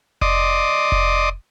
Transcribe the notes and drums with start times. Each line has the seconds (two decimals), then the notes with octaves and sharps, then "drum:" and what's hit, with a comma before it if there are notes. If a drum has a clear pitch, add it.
0.21 D5 D#5 C6 D6 D#6, drum: kick F1
0.92 drum: kick F1